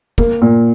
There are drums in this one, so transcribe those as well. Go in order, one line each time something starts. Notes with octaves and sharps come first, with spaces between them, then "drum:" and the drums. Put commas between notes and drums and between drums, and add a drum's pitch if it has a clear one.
A#3, drum: kick
A#2